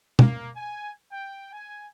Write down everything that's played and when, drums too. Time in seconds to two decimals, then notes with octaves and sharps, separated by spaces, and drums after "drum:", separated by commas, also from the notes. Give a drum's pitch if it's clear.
0.19 A#3, drum: tom
0.55 G#5
1.11 G5
1.53 G#5